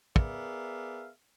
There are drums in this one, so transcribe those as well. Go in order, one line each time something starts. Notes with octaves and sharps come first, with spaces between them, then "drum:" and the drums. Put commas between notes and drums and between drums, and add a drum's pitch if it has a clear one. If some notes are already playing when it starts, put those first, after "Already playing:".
B3 G#4 A#4 D5 E5 F5, drum: kick